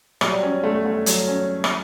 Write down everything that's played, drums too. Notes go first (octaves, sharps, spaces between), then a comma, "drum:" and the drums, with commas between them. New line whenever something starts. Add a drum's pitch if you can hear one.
F#3 G3, drum: rim click
C#4
A3
A3
F#3, drum: hi-hat
C#4
drum: rim click